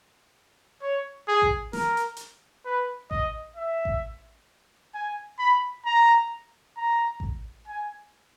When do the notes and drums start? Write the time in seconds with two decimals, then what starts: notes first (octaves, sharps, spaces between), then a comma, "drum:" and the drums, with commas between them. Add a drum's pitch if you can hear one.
0.82 C#5
1.28 G#4
1.42 drum: kick A1
1.73 A#4, drum: snare
1.97 drum: hi-hat
2.17 drum: hi-hat
2.65 B4
3.11 D#5, drum: kick A1
3.56 E5
3.85 drum: kick A1
4.94 G#5
5.39 B5
5.86 A#5
6.77 A#5
7.20 drum: kick A1
7.68 G#5